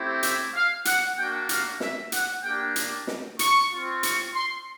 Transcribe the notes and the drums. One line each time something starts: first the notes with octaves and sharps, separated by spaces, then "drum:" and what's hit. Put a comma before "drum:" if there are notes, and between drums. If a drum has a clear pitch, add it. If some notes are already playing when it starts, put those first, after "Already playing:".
Already playing: A3 C4 E4 G4
E5, drum: hi-hat
F5
F#5, drum: hi-hat
A#3 D4 F#4 G5
F5, drum: hi-hat
E5, drum: snare
F#5, drum: hi-hat
A#3 D4 G4 G5
drum: hi-hat
drum: snare
C#6, drum: hi-hat
C4 F4
C#6, drum: hi-hat
C6